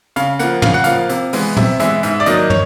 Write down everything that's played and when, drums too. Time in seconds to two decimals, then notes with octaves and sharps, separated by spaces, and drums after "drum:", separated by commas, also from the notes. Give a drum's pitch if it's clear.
0.16 C#3 F5, drum: hi-hat
0.39 F3 A#3 F#5, drum: hi-hat
0.62 C#3 F5, drum: tom
0.74 F#5
0.84 F3 A#3 F5, drum: hi-hat
1.09 C3, drum: hi-hat
1.33 E3 G#3 B3, drum: open hi-hat
1.57 C3 E5, drum: tom
1.80 E3 G#3 B3 E5, drum: hi-hat
2.03 G#2 E5, drum: hi-hat
2.20 D5
2.26 D#3 F#3 A#3 D#5, drum: hi-hat
2.50 C#5, drum: tom